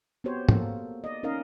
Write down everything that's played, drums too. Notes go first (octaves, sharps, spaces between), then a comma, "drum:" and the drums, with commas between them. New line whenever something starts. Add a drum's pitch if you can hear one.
B3 C4 F#4 G4 C5 C#5
A#3 A4, drum: tom
D5 D#5
C#4 D#4 A#4 D#5 F5